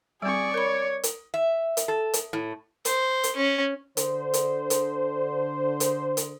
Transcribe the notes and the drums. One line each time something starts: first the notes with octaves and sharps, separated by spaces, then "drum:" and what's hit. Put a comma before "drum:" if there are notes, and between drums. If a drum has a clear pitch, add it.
G3 C4 G#4 D5 C#6
A#4 C#5 B5
drum: hi-hat
E5
drum: hi-hat
A4
drum: hi-hat
A2
C5, drum: hi-hat
drum: hi-hat
C#4
D3 C5, drum: hi-hat
drum: hi-hat
drum: hi-hat
drum: hi-hat
drum: hi-hat